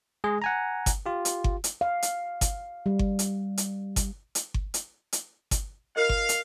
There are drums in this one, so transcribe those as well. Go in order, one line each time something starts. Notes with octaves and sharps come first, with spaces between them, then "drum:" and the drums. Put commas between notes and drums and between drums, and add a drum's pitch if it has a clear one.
G#3 G#4 D#5
F#5 G#5 A#5
drum: kick G1, hi-hat
F4 G4
drum: hi-hat
drum: kick G1
drum: hi-hat
F5
drum: hi-hat
drum: kick G1, hi-hat
G3
drum: kick G1
drum: hi-hat
drum: hi-hat
drum: kick G1, hi-hat
drum: hi-hat
drum: kick G1
drum: hi-hat
drum: hi-hat
drum: kick G1, hi-hat
F4 A#4 D#5 F5
drum: kick G1
drum: hi-hat